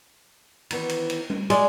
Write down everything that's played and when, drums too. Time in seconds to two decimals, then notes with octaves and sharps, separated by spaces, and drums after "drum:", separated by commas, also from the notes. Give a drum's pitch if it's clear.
0.71 D#3 E3 B3, drum: cymbal
0.89 drum: cymbal
1.10 drum: cymbal
1.30 drum: tom G3
1.50 G#3 D5, drum: cymbal